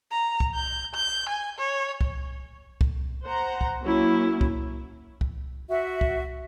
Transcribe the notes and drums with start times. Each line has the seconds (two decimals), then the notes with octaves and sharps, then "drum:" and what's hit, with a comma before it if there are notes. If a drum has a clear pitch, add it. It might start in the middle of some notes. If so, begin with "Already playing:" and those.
0.11 A#5
0.40 drum: kick
0.55 G6
0.95 G6
1.29 G#5
1.58 C#5
2.01 drum: kick
2.81 drum: kick
3.24 C5 F#5 A#5
3.61 drum: kick
3.81 F#3 A#3 C#4 E4
4.41 drum: kick
5.21 drum: kick
5.69 F#4 E5
6.01 drum: kick